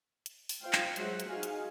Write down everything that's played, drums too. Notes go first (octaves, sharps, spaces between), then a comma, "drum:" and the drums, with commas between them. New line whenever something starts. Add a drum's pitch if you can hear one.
drum: hi-hat
drum: open hi-hat
F4 C5 F5 G5
drum: clap
F#3 G#3 C5 E5 F#5, drum: hi-hat
drum: hi-hat
D#4 F#4 G#4 F5 G#5
drum: hi-hat